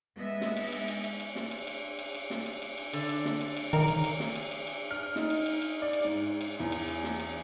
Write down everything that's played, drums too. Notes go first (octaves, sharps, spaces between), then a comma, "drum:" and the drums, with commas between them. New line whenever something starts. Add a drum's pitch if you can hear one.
G#3 B3 D#5 E5
drum: snare
drum: cymbal
drum: cymbal
drum: cymbal
drum: cymbal
drum: cymbal
drum: snare
drum: cymbal
drum: cymbal
drum: cymbal
drum: cymbal
drum: snare
drum: cymbal
drum: cymbal
drum: cymbal
D3, drum: cymbal
drum: cymbal
drum: snare
drum: cymbal
drum: cymbal
D#3 A#4, drum: cymbal
drum: cymbal
drum: cymbal
drum: snare
drum: cymbal
drum: cymbal
drum: cymbal
F6
D#4, drum: snare
drum: cymbal
drum: cymbal
drum: cymbal
D5
drum: cymbal
G#2
drum: cymbal
E2
drum: cymbal
drum: cymbal
drum: snare
drum: cymbal